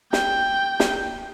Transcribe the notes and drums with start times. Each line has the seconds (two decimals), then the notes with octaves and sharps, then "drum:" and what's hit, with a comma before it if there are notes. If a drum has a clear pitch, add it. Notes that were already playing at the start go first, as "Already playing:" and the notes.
0.13 G5, drum: snare
0.80 drum: snare